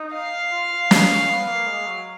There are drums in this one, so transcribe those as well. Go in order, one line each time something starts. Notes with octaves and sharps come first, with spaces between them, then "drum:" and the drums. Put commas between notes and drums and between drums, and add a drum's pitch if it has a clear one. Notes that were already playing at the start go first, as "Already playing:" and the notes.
Already playing: D#4
F5
F4
F4
D#4, drum: snare
C#4
C#4
B3
A#3
G#3
F#3